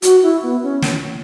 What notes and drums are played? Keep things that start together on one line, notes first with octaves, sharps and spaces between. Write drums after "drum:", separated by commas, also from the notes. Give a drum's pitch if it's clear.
F#4, drum: hi-hat
E4
B3
C#4
drum: snare